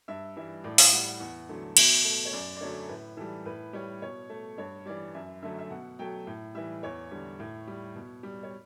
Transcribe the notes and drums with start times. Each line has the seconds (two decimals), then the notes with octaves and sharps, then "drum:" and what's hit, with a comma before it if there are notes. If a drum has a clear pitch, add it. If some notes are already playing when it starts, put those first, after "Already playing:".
0.08 G2 E5
0.36 E3 G3 E5
0.64 A2 D5
0.78 E5, drum: open hi-hat
0.93 G3 F#5
1.07 F#5
1.20 E2 F#5
1.49 D3 F#3 A3
1.77 B2 E5, drum: cymbal
2.05 A3
2.25 C#5
2.33 F#2 D5
2.57 D5
2.61 D3 F#3 A3 C#5
2.89 A2 B4
3.17 E3 G3 A4
3.45 A2 B4
3.73 G3 C#5
4.02 B2 C#5
4.30 A3
4.58 G2 C#5
4.86 E3 G3 D5
5.14 F#2 E5
5.42 D3 F#3 A3 E5
5.59 E5
5.70 B2 F#5
5.99 F#3 A3 G5
6.27 A2
6.55 E3 G3 E5
6.83 E2 C#5
7.11 D3 G3
7.40 A2
7.67 G3
7.95 B2
8.23 G3
8.43 C#5